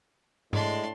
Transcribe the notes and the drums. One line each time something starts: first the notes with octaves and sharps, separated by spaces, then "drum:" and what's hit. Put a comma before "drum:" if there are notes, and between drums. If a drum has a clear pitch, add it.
A2 G#3 D4 C6, drum: tom G#2